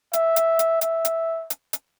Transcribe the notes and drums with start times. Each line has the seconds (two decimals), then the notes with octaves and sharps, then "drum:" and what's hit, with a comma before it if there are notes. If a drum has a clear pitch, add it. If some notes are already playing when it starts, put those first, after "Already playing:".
0.13 E5, drum: hi-hat
0.36 drum: hi-hat
0.59 drum: hi-hat
0.81 E5, drum: hi-hat
1.05 drum: hi-hat
1.50 drum: hi-hat
1.73 drum: hi-hat